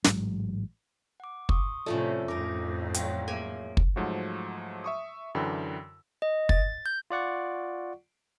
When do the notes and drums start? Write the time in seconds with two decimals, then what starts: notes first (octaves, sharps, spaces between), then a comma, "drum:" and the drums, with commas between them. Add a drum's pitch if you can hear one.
0.04 A1 G#2 F#3 G#3, drum: snare
1.20 F#5 D6
1.49 C6 C#6 D#6, drum: kick
1.86 A2 C3 F3 A3 C#4 E4 A4 D5
2.28 F2 A2 D#4 A#4 D6 A#6
2.94 F#3 F4 C#5 G5, drum: hi-hat
3.28 A#3 G#4 C#5 E5 G#5
3.77 drum: kick
3.96 G#2 F3 F#3 A3 F#4
4.84 E5 C#6 D#6
5.35 F#2 D3 E3 G5 B5 E6
6.22 D#5
6.49 A6, drum: kick
6.86 G6
7.10 F4 D5 F#5 C#6